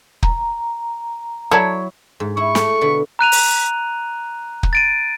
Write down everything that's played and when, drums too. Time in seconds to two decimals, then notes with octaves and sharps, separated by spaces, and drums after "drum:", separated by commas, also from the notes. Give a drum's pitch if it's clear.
0.23 A#5, drum: kick
1.51 F#3 E4 A4 C#5 D5 A5
2.20 G#2
2.37 E4 C#6
2.55 A3, drum: snare
2.81 B2 D3 B5
3.19 A#5 F#6 D#7 F7
3.32 drum: open hi-hat
4.63 drum: kick
4.73 A6 D7 D#7